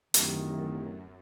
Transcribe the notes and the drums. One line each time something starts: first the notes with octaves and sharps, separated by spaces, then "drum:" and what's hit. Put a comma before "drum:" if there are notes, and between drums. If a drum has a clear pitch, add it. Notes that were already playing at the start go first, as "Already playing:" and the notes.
D1 F#2 D#3 G4 A#4, drum: hi-hat